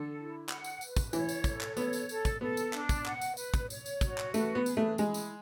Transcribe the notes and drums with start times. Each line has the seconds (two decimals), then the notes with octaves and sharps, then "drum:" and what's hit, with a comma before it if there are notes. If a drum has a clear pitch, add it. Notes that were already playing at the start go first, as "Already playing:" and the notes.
Already playing: D3 A4
0.16 E4
0.49 F#5, drum: clap
0.64 drum: tambourine
0.81 B4, drum: tambourine
0.96 drum: kick, tambourine
1.13 E3 C#5, drum: tambourine
1.29 drum: tambourine
1.44 A4, drum: kick, tambourine
1.61 drum: clap
1.77 B3 C#5, drum: tambourine
1.93 drum: tambourine
2.09 A4, drum: tambourine
2.25 drum: kick, tambourine
2.41 B3 A4
2.57 drum: tambourine
2.73 D4, drum: clap
2.89 drum: kick, tambourine
3.06 F#5, drum: clap
3.21 drum: tambourine
3.37 B4, drum: tambourine
3.54 drum: kick, tambourine
3.70 C#5, drum: tambourine
3.86 drum: tambourine
4.01 F#4, drum: kick, tambourine
4.18 drum: clap
4.34 A3 B4, drum: tambourine
4.55 B3
4.66 G#4, drum: tambourine
4.77 A3
4.98 G#3 E4, drum: tambourine
5.14 drum: tambourine